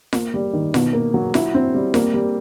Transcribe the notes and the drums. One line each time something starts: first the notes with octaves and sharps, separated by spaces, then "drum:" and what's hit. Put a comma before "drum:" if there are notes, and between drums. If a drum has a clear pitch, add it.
A#3, drum: snare F4
G3
D#3
B2, drum: snare F4
A#3
F#3
E4, drum: snare F4
C4
G3
A#3, drum: snare F4
G3